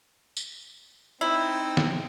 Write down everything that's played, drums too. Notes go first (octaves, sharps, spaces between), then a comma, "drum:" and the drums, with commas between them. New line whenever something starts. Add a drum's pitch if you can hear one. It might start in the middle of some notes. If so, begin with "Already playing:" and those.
drum: tambourine
C4 D#4 E4 G5
drum: snare